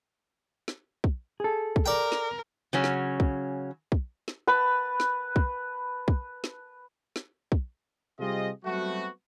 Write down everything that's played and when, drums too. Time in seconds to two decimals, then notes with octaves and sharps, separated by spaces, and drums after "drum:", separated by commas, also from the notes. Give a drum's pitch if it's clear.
0.68 drum: snare
1.04 drum: kick
1.40 G#4 A4
1.76 drum: kick
1.86 A#4 D5 G5
2.12 drum: snare
2.73 C#3 F#3 C#4
2.84 drum: snare
3.20 drum: kick
3.92 drum: kick
4.28 drum: snare
4.47 B4 A5
5.00 drum: snare
5.36 drum: kick
6.08 drum: kick
6.44 drum: snare
7.16 drum: snare
7.52 drum: kick
8.19 C3 G3 C4 F4 G#4 D#5
8.65 F#3 G3 A3 B3 C4 F#4